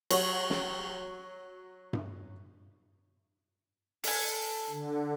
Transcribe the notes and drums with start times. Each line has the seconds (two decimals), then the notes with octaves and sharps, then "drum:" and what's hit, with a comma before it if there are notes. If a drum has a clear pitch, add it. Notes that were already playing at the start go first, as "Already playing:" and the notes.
0.11 F#3 F#4 C#5, drum: cymbal
0.50 drum: snare
1.93 drum: tom G2
4.04 A4 G#5, drum: open hi-hat
4.70 D3